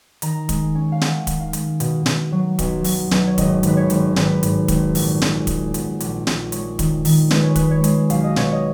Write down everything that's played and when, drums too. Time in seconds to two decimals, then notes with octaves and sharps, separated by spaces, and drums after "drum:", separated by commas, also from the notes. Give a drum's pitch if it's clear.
0.22 D#3 A#5, drum: hi-hat
0.49 G#3, drum: kick, hi-hat
0.75 C#4
0.92 F5
1.01 D#3 F#5, drum: snare
1.27 D#3, drum: kick, hi-hat
1.40 F5
1.53 G#3, drum: hi-hat
1.80 B2, drum: hi-hat
2.06 B2, drum: snare
2.32 F#3
2.59 B1, drum: kick, hi-hat
2.84 F#3, drum: open hi-hat
3.11 B1, drum: snare
3.27 C#5
3.38 G#1 D#5, drum: kick, hi-hat
3.63 G#1 B4, drum: hi-hat
3.77 C#5
3.90 G#1, drum: hi-hat
4.16 G#1 B4, drum: snare
4.43 G#2, drum: hi-hat
4.68 G#1, drum: kick, hi-hat
4.95 A#1, drum: open hi-hat
5.21 G#3, drum: snare
5.47 G#3, drum: kick, hi-hat
5.74 B3, drum: hi-hat
6.00 A#1, drum: hi-hat
6.27 A#1, drum: snare
6.52 G#3 C#5, drum: hi-hat
6.79 D#3, drum: kick, hi-hat
7.05 D#3, drum: open hi-hat
7.31 G#3 B4, drum: snare
7.43 C#5
7.56 G#3 B4, drum: kick, hi-hat
7.71 C#5
7.84 G#3, drum: hi-hat
8.10 B1 F5, drum: hi-hat
8.24 D#5
8.36 B2 C#5, drum: snare
8.52 D#5